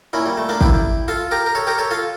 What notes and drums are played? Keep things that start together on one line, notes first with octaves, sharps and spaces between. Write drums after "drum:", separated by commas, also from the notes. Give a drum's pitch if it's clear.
A#2 C#4 E4
G3
A3
A#3 D4
E4 G4, drum: kick
F4 A4
G4 A#4
A#4
A4 C#5
G4 A#4
A4 C#5
F4 A4